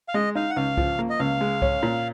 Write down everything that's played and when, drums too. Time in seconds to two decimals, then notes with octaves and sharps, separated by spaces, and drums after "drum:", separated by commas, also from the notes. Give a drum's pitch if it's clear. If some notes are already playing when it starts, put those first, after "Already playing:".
0.09 F5
0.14 G#3 D#5
0.35 D#4 F5
0.50 F#5
0.56 C#2 F5
0.77 F3, drum: kick C2
0.99 A#3
1.10 D#5
1.19 C#2 F5
1.41 G#3
1.62 C#4, drum: kick C2
1.83 A#2